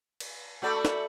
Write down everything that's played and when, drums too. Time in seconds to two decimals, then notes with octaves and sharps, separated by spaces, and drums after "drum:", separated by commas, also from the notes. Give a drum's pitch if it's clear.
0.20 drum: cymbal
0.62 A3 F#4 A4 D5 B5
0.85 drum: snare